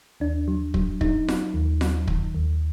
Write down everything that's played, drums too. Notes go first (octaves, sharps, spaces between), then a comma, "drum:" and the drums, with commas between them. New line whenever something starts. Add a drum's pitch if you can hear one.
D#2 D4
F#3
F#3, drum: kick
F#3 D#4, drum: kick
F#3, drum: snare F4
D#2
F#3, drum: snare F4
D#3, drum: kick
D#2